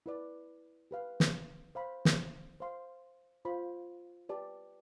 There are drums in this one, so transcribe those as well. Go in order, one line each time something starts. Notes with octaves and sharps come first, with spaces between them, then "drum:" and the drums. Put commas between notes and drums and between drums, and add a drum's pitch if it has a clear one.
E4 B4 D5
G4 B4 F5
drum: snare
C5 F5 B5
drum: snare
C5 F5 C6
F4 C5 F5 B5
G4 B4 D5 A5